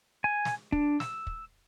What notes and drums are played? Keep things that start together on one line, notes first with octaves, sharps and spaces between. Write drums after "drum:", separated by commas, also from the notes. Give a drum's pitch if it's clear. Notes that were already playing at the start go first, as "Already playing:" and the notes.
G#5
drum: snare
D4, drum: kick
E6, drum: snare
drum: kick